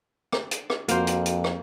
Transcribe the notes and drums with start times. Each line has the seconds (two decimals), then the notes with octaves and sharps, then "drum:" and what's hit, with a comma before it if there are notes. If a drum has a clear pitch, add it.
0.32 drum: rim click
0.51 drum: hi-hat
0.70 drum: rim click
0.88 F2 A#3 F#4 C5 F5, drum: hi-hat
1.07 drum: hi-hat
1.26 drum: hi-hat
1.44 drum: rim click